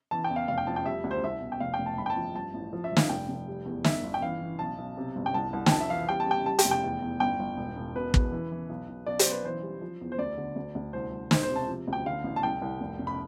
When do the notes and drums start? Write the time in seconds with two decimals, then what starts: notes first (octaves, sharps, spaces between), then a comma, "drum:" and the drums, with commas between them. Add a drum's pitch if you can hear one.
0.11 E3 A5
0.24 G5
0.30 E2
0.36 F5
0.48 F1 F5
0.58 G5
0.67 F2 A5
0.76 G5
0.86 G3 E5
1.04 D2
1.11 C5
1.23 C2 E5
1.41 B2
1.52 G5
1.60 F1 F5
1.74 G5
1.79 F1
1.86 A5
1.98 G1 B5
2.06 G5
2.10 A5
2.16 F3
2.35 G2 A5
2.54 A1
2.73 F3
2.84 E5
2.91 G2
2.97 F5, drum: snare
3.09 F1 G5
3.29 F1
3.48 G3
3.65 E2
3.84 G1 E5, drum: snare
4.04 G1
4.14 G5
4.22 E3 F5
4.41 E3
4.59 B1 A5
4.78 B1
4.97 C3
5.16 G1
5.26 G5
5.34 C2 A5
5.53 C2
5.66 G5, drum: snare
5.71 F2 A5
5.80 E5
5.90 E3 F5
6.09 G3 G5
6.20 A5
6.27 G3 G5
6.46 G3 A5
6.59 G5, drum: hi-hat
6.65 F1
6.71 G5
6.83 E2
7.02 E2
7.20 G1 G5
7.39 G1
7.57 E1
7.77 E1
7.95 B2 B4
8.14 E2, drum: kick
8.32 E3
8.52 E3
8.69 B1
8.88 B1
9.06 B1 D5
9.19 C5, drum: hi-hat
9.25 B1
9.31 B4
9.44 E3 C5
9.63 G3
9.81 F3
10.01 E2
10.12 C5
10.18 D2 D5
10.37 D3
10.56 D2
10.75 D2
10.93 C2 C5
11.12 C2
11.31 E1 C5, drum: snare
11.43 C5
11.50 C3
11.56 A5
11.68 F3
11.88 D2
11.93 G5
12.06 D3 F5
12.24 A1
12.36 A5
12.43 C2 G5
12.62 C2
12.81 F1
12.99 F1
13.07 B5